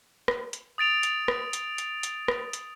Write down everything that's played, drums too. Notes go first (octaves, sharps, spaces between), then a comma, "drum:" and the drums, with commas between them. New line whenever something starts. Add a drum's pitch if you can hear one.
drum: rim click
drum: hi-hat
D#6 A6 D7 F7
drum: hi-hat
drum: rim click
drum: hi-hat
drum: hi-hat
drum: hi-hat
drum: rim click
drum: hi-hat